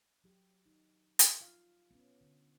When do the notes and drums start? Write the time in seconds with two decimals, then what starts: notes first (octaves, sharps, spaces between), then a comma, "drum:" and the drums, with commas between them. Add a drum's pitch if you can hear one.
0.24 F#3 G4
0.66 D#4
1.19 drum: hi-hat
1.41 F4 F5
1.91 B3 C#4
2.21 D3